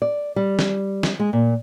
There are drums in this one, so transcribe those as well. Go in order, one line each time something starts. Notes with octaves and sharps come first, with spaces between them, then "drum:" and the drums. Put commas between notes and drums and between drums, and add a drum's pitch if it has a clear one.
D5
G3
drum: snare
drum: snare
G#3
A#2